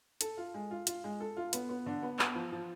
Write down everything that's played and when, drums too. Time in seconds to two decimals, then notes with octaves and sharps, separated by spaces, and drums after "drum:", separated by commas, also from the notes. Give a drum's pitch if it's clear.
0.21 A4, drum: hi-hat
0.37 F4
0.54 G#3
0.71 F4
0.87 F4, drum: hi-hat
1.04 G#3
1.20 A4
1.37 F4
1.53 B3, drum: hi-hat
1.69 B3
1.86 D3
2.03 B3
2.19 B3, drum: clap
2.35 F3
2.52 F3